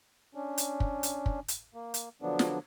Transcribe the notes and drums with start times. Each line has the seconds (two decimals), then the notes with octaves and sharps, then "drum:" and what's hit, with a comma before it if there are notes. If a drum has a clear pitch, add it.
0.35 C#4 D4
0.58 drum: hi-hat
0.80 drum: kick
1.03 drum: hi-hat
1.26 drum: kick
1.48 drum: hi-hat
1.74 A#3
1.94 drum: hi-hat
2.22 D3 F3 F#3 B3 D4
2.39 drum: snare